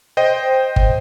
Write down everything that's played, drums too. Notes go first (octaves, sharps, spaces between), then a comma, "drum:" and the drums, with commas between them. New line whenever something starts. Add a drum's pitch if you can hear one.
C5 D#5 G5
drum: kick G1